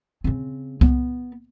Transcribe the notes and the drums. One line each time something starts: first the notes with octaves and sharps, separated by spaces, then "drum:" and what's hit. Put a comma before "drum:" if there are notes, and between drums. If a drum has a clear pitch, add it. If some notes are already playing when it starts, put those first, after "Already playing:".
C#3 C4
B3, drum: kick C2